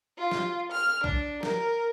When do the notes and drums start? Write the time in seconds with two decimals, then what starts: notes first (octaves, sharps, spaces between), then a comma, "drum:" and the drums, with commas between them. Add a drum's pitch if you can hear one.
0.18 F4
0.31 drum: snare
0.72 F6
1.04 D4, drum: kick A#1
1.43 A#4, drum: snare